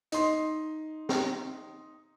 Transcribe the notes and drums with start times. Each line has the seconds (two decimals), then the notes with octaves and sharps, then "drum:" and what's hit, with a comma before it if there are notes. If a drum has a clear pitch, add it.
0.12 D#4 C6, drum: hi-hat
1.09 drum: snare